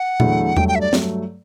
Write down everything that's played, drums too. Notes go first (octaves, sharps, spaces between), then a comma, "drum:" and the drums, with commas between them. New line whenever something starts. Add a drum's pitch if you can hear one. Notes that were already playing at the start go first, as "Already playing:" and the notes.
Already playing: F#5
E2 D3 F#3 A3 E4, drum: tom A#2
G2 F#3 A3 G5, drum: tom E2
G5
E5
D5
G2 F#3 A3, drum: snare C4